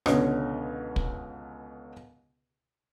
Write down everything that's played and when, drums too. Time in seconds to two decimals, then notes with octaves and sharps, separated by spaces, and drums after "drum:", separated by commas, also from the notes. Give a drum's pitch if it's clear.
0.06 C#2 B2 D3 C#4 D#5, drum: rim click
0.96 drum: kick